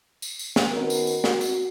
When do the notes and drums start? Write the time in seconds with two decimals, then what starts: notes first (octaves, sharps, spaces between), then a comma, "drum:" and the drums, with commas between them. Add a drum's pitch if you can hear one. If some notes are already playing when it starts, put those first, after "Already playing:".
0.22 drum: tambourine
0.39 drum: tambourine
0.56 drum: snare
0.70 D#3 B3 C#4 F#4 A#4
0.90 drum: tambourine
1.07 drum: tambourine
1.24 F#4, drum: snare
1.41 drum: tambourine